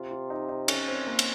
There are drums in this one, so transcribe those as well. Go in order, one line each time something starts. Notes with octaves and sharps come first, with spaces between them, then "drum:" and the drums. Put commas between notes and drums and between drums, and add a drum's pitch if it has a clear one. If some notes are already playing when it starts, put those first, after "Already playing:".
Already playing: C3 F4
F4
D#4
D#4
C#4, drum: cymbal
C4
A#3
drum: cymbal